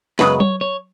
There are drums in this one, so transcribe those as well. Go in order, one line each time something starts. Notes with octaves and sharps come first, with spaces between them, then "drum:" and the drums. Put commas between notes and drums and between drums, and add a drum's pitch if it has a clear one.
F#2 C#3 G#3 B3 B4, drum: snare
C#5, drum: tom F#3
C#5